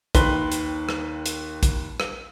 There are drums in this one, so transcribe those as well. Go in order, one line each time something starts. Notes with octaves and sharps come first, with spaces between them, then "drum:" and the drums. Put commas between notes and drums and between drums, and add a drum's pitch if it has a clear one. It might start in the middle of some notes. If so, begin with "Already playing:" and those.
D#2 D#3 B4 C6 G7, drum: kick A#1, hi-hat
drum: hi-hat
drum: rim click
drum: hi-hat
drum: kick A#1, hi-hat
drum: rim click